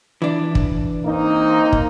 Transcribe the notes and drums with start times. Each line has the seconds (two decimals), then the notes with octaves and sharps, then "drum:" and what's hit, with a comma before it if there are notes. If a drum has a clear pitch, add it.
0.22 E3 D4
0.55 drum: kick
1.05 A#3 C4 D#4
1.73 drum: kick